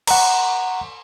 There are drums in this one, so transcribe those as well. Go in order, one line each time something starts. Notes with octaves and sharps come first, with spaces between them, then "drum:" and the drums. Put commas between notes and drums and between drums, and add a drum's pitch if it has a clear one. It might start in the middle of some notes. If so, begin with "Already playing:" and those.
F#5 A#5, drum: cymbal